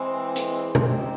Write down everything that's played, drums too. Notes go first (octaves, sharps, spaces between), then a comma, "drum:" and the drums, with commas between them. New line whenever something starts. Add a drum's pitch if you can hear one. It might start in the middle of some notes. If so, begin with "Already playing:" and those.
Already playing: E3 G#3 C4
drum: hi-hat
G#3 C4 D#4 G4, drum: tom